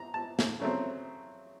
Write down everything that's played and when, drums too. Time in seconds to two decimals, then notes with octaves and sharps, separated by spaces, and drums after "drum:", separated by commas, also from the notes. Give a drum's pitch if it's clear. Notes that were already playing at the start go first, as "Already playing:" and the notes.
Already playing: A#5
0.14 A5
0.39 drum: snare
0.60 C#3 F#3 A3 C4